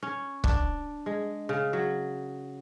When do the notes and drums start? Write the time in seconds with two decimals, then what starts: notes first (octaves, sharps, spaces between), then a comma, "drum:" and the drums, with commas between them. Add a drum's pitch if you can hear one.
0.03 C#4
0.44 D4, drum: kick
1.06 G#3
1.49 C#3
1.73 F#3